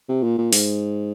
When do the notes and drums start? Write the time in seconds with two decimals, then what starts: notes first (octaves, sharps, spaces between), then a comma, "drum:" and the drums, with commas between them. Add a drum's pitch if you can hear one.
0.09 C3
0.23 A#2
0.38 A#2
0.53 G#2, drum: open hi-hat